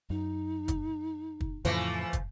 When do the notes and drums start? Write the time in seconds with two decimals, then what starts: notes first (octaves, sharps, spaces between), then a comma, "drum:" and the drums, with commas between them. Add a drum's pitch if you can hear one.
0.10 F#2 D#4
0.68 drum: kick, hi-hat
1.41 drum: kick
1.65 F2 A2 C#3 E3 F3 A3, drum: hi-hat
2.13 drum: kick, hi-hat